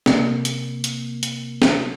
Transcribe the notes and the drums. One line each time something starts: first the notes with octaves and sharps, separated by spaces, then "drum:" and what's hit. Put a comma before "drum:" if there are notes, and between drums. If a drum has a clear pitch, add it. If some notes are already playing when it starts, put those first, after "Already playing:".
C3 A#3, drum: snare
drum: hi-hat
drum: hi-hat
drum: hi-hat
drum: snare